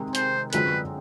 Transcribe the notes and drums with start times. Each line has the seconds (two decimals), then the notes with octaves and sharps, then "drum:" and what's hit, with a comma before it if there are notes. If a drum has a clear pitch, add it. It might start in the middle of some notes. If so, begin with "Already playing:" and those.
Already playing: C3 D#3 G#3 C4
0.15 C5, drum: hi-hat
0.53 F#2 D3 F3 G#3 C4 B4, drum: hi-hat